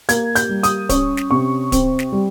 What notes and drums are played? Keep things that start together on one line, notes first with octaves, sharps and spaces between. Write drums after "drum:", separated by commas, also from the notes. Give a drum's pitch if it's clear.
A#3 G#6, drum: hi-hat
G6, drum: hi-hat
G3
D#6, drum: hi-hat
C#4 C#6, drum: kick D1, hi-hat
drum: snare
C3 C#6
C4, drum: kick D1, hi-hat
drum: snare
G3